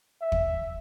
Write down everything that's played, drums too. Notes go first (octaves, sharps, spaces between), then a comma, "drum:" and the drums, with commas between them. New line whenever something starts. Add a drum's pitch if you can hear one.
E5
drum: kick